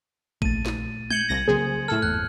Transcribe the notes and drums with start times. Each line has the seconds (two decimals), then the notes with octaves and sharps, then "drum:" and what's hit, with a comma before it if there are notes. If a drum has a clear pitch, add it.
0.42 A#1 A3 A6 D#7, drum: kick A1
0.66 drum: snare
1.10 G6 G#6 C#7 F#7, drum: tom G#3
1.29 C2 A#6
1.48 C#3 F#3 A#3 G#4 C5
1.88 A2 A4 F6
2.02 G1 E2 F#6